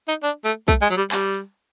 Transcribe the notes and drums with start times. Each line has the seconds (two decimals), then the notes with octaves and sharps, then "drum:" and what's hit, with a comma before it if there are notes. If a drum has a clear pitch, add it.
0.08 D#4
0.23 D4
0.45 A3, drum: hi-hat
0.68 A3, drum: kick B1
0.82 G#3
0.90 F#3, drum: hi-hat
0.97 G3
1.12 G3, drum: clap
1.34 drum: hi-hat